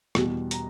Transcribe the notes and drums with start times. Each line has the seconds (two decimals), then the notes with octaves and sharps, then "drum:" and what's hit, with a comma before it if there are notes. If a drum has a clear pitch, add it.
0.15 E2 B2 G3, drum: rim click
0.51 A#5, drum: hi-hat